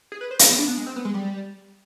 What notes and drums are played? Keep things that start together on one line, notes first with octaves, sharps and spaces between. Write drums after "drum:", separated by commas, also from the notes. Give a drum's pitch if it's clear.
G#4
B4
C5
G#4, drum: hi-hat
B3
D4
B3
G#3
C4
B3
G#3
G3